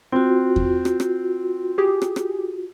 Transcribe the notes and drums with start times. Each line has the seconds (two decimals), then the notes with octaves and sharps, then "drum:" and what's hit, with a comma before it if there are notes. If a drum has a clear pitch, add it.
0.12 C4 F4 F#4
0.56 drum: kick E2
0.85 drum: rim click
1.00 drum: rim click
1.78 G4 G#4
2.02 drum: rim click
2.16 drum: rim click